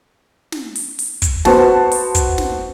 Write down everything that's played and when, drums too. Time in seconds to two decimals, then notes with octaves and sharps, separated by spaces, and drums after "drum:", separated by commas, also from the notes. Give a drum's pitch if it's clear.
0.52 drum: snare
0.75 drum: open hi-hat
0.99 drum: open hi-hat
1.22 drum: kick, hi-hat
1.45 B3 F#4 C5 A5, drum: snare
1.91 drum: open hi-hat
2.15 drum: kick, hi-hat
2.38 drum: snare